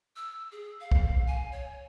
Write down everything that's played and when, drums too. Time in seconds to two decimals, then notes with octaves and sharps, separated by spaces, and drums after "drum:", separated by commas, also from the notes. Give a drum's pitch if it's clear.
0.16 E6
0.52 G#4
0.80 F5
0.91 drum: kick B1
1.27 G#5
1.52 C#5